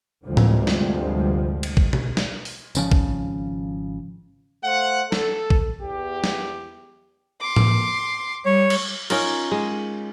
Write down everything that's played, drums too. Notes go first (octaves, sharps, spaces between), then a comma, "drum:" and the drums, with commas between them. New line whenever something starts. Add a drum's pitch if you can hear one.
D2 G2 C3 F3 G3 G#3
drum: tom A2
drum: snare
drum: cymbal
drum: kick A#1
drum: tom B2
drum: snare
drum: open hi-hat
G#1 C#3 F3, drum: tambourine
drum: kick A#1
A3 C5 F5 F#5
A4, drum: snare
drum: kick A#1
E2 G4
drum: snare
C6 D6
drum: tom A2
G3 C#5
drum: cymbal
C#4 D#4 F4 A#4, drum: cymbal
G#3